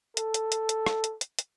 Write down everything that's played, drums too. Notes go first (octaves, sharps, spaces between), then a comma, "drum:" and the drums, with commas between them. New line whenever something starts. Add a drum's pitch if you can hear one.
A4, drum: hi-hat
drum: hi-hat
drum: hi-hat
drum: hi-hat
drum: rim click
drum: hi-hat
drum: hi-hat
drum: hi-hat